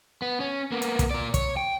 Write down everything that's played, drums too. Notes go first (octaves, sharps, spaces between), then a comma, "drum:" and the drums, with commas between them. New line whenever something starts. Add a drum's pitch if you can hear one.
B3
C#4
A#3 B3
drum: hi-hat
drum: kick, hi-hat
A#2 D5
C#5, drum: kick, hi-hat
G5